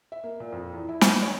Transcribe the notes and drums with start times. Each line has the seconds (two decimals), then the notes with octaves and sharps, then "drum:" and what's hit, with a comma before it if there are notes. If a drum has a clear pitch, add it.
0.12 E5
0.24 A#3
0.40 A#2
0.52 F2
0.73 E2
0.89 E4
1.01 D#5, drum: snare
1.23 C#5